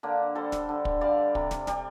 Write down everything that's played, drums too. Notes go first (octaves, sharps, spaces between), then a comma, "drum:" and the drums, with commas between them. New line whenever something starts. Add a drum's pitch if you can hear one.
D3 A#3 D4
G3 A4 C5
drum: snare
D3
drum: kick
G3 D5 F5
C3, drum: kick
drum: snare
G3, drum: snare